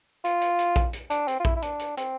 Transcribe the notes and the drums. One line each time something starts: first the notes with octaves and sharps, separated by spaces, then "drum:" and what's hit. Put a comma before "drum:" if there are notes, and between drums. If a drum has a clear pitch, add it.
F4, drum: hi-hat
drum: hi-hat
drum: hi-hat
drum: kick A#1, hi-hat
drum: hi-hat
D4, drum: hi-hat
C4, drum: hi-hat
F4
E4, drum: kick A#1
E4
D4, drum: hi-hat
drum: hi-hat
C4, drum: hi-hat